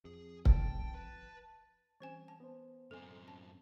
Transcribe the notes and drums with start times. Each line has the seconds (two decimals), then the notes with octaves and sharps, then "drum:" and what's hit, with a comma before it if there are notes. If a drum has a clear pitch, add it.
0.05 F2 G#4
0.45 G5 A5, drum: kick C#1
0.95 B4 A5
2.00 E3 G3 C4 C#4 C5 G#5
2.28 A5
2.40 B3 C5
2.91 F#2 C4 A4 G#5
3.28 C#4 A5